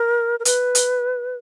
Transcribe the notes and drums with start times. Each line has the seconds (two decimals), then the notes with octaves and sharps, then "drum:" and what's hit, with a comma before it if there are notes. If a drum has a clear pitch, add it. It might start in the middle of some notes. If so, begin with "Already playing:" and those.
Already playing: A#4
0.40 A#4
0.45 B4, drum: hi-hat
0.75 drum: hi-hat